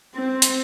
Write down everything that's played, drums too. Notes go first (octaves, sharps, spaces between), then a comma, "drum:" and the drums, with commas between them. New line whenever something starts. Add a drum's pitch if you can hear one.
C4
drum: hi-hat